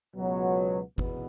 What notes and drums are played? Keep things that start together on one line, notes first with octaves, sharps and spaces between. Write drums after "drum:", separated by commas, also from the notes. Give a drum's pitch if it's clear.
C#2 B2 F#3 B3
E2 B2 B3, drum: kick G1